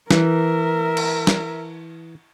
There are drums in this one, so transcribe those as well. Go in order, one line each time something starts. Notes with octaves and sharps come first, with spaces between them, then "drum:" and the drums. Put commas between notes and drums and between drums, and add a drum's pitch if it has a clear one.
E3 A#4 E5, drum: snare
drum: cymbal
drum: snare